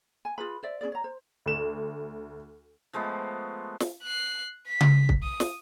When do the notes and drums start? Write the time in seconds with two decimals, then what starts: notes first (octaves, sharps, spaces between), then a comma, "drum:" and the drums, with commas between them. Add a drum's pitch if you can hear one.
0.25 G#5
0.38 F4 G#4 B4 B5
0.63 C5 D5 E5
0.81 C#4 D#4 G#4 D5
0.92 C#5 A#5
1.04 C5
1.46 D2 E7
2.93 F3 G#3 A3 B3
3.80 drum: snare
4.03 F#6 C7
4.68 B6
4.80 drum: tom C#3
5.09 drum: kick
5.23 D#6
5.40 drum: snare